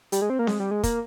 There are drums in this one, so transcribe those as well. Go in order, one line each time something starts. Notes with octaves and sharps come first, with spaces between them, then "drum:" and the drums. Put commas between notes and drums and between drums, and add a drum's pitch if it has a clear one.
G3, drum: hi-hat
G#3
C4
A#3
G#3, drum: snare C4
G3
G#3
A#3, drum: kick, hi-hat